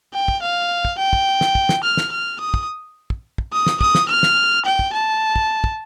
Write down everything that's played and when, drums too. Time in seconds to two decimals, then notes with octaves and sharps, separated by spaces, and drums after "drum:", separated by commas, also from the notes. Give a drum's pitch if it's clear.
0.14 G5
0.28 drum: kick
0.42 F5
0.85 drum: kick
0.99 G5
1.13 drum: kick
1.41 drum: snare
1.55 drum: kick
1.69 drum: snare
1.84 F6
1.97 drum: snare
2.12 F6
2.40 D#6
2.54 drum: kick
3.10 drum: kick
3.38 drum: kick
3.53 D#6
3.67 drum: snare
3.81 D#6, drum: kick
3.95 drum: snare
4.09 F6
4.23 drum: snare
4.66 G5
4.79 drum: kick
4.93 A5
5.36 drum: kick
5.64 drum: kick